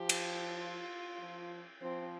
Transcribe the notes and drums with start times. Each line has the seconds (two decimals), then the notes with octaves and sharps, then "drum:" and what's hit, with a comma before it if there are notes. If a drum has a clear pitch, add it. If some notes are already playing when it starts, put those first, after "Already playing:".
Already playing: F3 G4
0.09 drum: cymbal
0.56 F4
1.19 F3
1.82 F3 C4